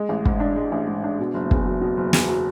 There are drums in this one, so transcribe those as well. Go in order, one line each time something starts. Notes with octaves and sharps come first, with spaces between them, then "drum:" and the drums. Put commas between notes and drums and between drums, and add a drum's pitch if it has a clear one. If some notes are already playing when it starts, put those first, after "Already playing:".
Already playing: G#3
A1
G#2, drum: kick
D4
G#3
A1
G#2
D4
B2
F#1
E2, drum: kick
F#3
B2
F#1
E2, drum: snare
F#3